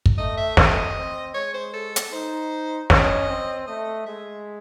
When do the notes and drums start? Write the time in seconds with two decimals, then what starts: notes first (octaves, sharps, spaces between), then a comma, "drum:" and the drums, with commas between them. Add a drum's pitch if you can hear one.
0.06 drum: kick
0.18 A3 D#5
0.37 E5
0.57 D#5, drum: snare
0.96 C4
1.34 G#3 C#5
1.54 C5
1.74 A4
1.96 drum: hi-hat
2.13 D#4 C5
2.90 C#4 D#5, drum: snare
3.29 C4
3.67 A3 D#5
4.06 G#3 E5